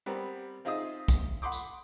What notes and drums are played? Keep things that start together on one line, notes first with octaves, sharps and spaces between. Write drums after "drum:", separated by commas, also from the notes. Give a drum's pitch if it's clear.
G3 B3 C4 A#4
C4 D#4 F4 G#4 E5 D#6
drum: kick, tambourine
F#5 B5 C6 D6 D#6
drum: tambourine